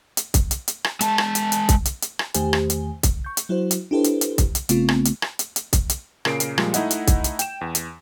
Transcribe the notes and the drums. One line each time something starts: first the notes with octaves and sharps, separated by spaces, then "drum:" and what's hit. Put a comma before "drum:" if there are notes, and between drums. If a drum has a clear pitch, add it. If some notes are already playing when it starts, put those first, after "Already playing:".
drum: hi-hat
drum: kick, hi-hat
drum: hi-hat
drum: hi-hat
drum: rim click
G#3 A5, drum: hi-hat
drum: rim click
drum: hi-hat
drum: hi-hat
drum: kick, hi-hat
drum: hi-hat
drum: hi-hat
drum: rim click
E2 D#3 A3 G4 C5 G#5, drum: hi-hat
drum: rim click
drum: hi-hat
drum: kick, hi-hat
C#6 G6
drum: hi-hat
F#3 E4 F#4 C5
drum: hi-hat
D4 E4 G4 A4 B4 C5
drum: hi-hat
drum: hi-hat
drum: kick, hi-hat
drum: hi-hat
A#1 C#3 A3 B3 C4 F4, drum: hi-hat
drum: rim click
drum: hi-hat
drum: rim click
drum: hi-hat
drum: hi-hat
drum: kick, hi-hat
drum: hi-hat
A#2 C#3 A#4 C7 D7, drum: rim click
drum: hi-hat
A#2 F3 G3 G#3, drum: rim click
A3 D#4 E4 D#5 F#5, drum: hi-hat
drum: hi-hat
drum: kick, hi-hat
drum: hi-hat
G5 E7, drum: hi-hat
E2
drum: hi-hat